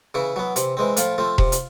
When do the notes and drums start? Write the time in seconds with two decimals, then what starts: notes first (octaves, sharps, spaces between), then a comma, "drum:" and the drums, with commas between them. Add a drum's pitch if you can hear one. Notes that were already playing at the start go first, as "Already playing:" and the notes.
0.14 C#3 E3 E4
0.36 F#3 B3
0.56 C3, drum: hi-hat
0.77 E3 G#3 C4
0.97 A2 F3 F4, drum: hi-hat
1.18 F3 A3 C4
1.38 C3, drum: kick E1
1.52 drum: hi-hat